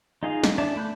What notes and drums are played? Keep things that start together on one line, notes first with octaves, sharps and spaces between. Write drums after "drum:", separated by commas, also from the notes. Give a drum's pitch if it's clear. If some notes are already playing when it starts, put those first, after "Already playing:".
D#4 F4 G#4 D#5 F5
drum: snare
D4 D5 E5 A5 D6
A3 B5 F#6 G6